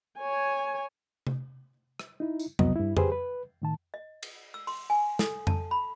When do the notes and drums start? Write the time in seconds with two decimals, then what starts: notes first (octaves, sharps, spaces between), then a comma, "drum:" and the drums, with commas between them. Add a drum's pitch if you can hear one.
0.19 C#5 G#5
1.27 drum: tom C3
2.00 drum: rim click
2.20 D#4 E4
2.40 drum: tambourine
2.59 C2 F#3 B3 D#5, drum: tom F2
2.76 G2 E4
2.97 G4 G#4 B4 C5, drum: tom F2
3.12 B4
3.62 A2 D#3 A5
3.94 D#5
4.23 drum: cymbal
4.54 E6
4.67 C6, drum: open hi-hat
4.90 G#5
5.19 A4, drum: snare
5.47 A5, drum: tom F2
5.71 B5